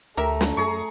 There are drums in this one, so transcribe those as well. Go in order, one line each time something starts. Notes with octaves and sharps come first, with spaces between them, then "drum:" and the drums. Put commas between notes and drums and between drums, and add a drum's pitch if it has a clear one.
D2 A3 G4 A#4 E5 A#5
drum: snare
F#2 G#4 A#5 C#6